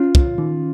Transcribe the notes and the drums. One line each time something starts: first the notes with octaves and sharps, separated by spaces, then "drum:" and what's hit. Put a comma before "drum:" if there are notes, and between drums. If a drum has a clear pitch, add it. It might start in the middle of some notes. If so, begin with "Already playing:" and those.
Already playing: C#4 F4
drum: kick
D#3